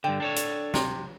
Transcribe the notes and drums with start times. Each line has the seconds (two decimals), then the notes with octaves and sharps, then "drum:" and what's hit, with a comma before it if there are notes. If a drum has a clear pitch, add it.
0.04 G2 D3 G5
0.20 D4 A4 C#5
0.36 drum: hi-hat
0.74 C3, drum: snare